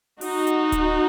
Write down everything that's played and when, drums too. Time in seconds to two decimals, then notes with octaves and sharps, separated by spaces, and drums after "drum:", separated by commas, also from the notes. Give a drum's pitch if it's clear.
0.21 D#4 F#4, drum: open hi-hat
0.47 drum: hi-hat
0.72 drum: kick D1, hi-hat